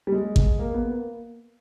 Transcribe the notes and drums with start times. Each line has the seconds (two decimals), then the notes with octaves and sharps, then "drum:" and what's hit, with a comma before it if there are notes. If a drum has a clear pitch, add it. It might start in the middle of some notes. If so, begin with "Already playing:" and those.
0.07 G3
0.12 G#3
0.36 drum: kick A1
0.59 A#3
0.74 B3
0.91 A#3